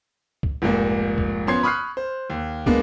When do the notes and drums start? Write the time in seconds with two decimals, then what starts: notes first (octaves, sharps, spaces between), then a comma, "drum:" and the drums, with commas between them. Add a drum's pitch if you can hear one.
0.43 drum: kick
0.62 F1 A#1 G#2 A#3
1.18 drum: kick
1.47 F3 B3 C#4 C6 G#6 C7
1.63 B5 C#6 D#6 F6 F#6 C7
1.97 C5
2.30 D#2
2.66 G#3 A#3 B3 D4, drum: kick